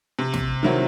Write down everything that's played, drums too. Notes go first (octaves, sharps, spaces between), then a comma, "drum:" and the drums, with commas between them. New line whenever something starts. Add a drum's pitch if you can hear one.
C3
drum: snare
D#3 F#3 C4 E4